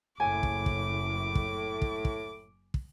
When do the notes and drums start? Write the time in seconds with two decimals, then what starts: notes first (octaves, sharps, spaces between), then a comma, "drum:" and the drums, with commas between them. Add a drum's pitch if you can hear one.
0.20 F#1 A2 G#5 D6
0.43 drum: kick
0.66 drum: kick
1.35 drum: kick
1.82 drum: kick
2.05 drum: kick
2.74 drum: kick